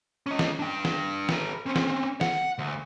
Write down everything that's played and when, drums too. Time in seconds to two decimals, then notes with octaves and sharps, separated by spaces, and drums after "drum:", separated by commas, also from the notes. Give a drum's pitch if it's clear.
0.26 C#4 D#5
0.39 drum: snare
0.59 D4 G5
0.85 drum: snare
1.29 A4 B4, drum: snare
1.66 C4 C#4
1.76 drum: snare
2.21 F#5, drum: snare
2.58 D2